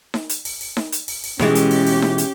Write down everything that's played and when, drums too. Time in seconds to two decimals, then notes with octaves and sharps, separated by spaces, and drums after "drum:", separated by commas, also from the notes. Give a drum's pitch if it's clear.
0.14 drum: snare D#4
0.29 drum: hi-hat
0.45 drum: open hi-hat
0.61 drum: open hi-hat
0.77 drum: snare D#4
0.92 drum: hi-hat
1.08 drum: open hi-hat
1.24 drum: open hi-hat
1.39 B2 E3 G#3 C#4 G4, drum: snare D#4
1.55 drum: hi-hat
1.71 drum: open hi-hat
1.87 drum: open hi-hat
2.02 drum: snare D#4
2.18 drum: hi-hat